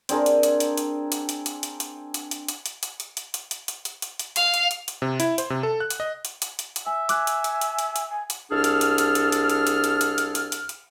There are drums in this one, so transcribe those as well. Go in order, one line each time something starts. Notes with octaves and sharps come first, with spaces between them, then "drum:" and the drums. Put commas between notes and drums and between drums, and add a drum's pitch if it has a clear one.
C4 D4 G#4 A#4, drum: hi-hat
drum: hi-hat
drum: hi-hat
drum: hi-hat
drum: hi-hat
drum: hi-hat
drum: hi-hat
drum: hi-hat
drum: hi-hat
drum: hi-hat
drum: hi-hat
drum: hi-hat
drum: hi-hat
drum: hi-hat
drum: hi-hat
drum: hi-hat
drum: hi-hat
drum: hi-hat
drum: hi-hat
drum: hi-hat
drum: hi-hat
drum: hi-hat
drum: hi-hat
F5, drum: hi-hat
drum: hi-hat
drum: hi-hat
drum: hi-hat
C3
E4, drum: hi-hat
C5, drum: hi-hat
C3
A4
F#6
drum: hi-hat
D#5
drum: hi-hat
drum: hi-hat
drum: hi-hat
drum: hi-hat
E5 G#5
G#5 D6 F#6, drum: hi-hat
drum: hi-hat
drum: hi-hat
drum: hi-hat
drum: hi-hat
drum: hi-hat
G#5
drum: hi-hat
C2 D4 G#4 A4 F6
drum: hi-hat
drum: hi-hat
drum: hi-hat
drum: hi-hat
drum: hi-hat
drum: hi-hat
drum: hi-hat
drum: hi-hat
drum: hi-hat
drum: hi-hat
drum: hi-hat
drum: hi-hat
drum: hi-hat